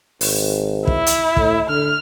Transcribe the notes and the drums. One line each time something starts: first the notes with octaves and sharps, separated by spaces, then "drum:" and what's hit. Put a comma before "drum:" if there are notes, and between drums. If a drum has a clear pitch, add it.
G#1, drum: open hi-hat
E4, drum: kick
drum: hi-hat
A2, drum: kick
D3 F6